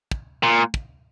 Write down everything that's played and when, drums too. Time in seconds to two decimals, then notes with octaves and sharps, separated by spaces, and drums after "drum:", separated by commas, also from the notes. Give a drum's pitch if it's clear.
0.11 drum: kick
0.43 A#2
0.74 drum: kick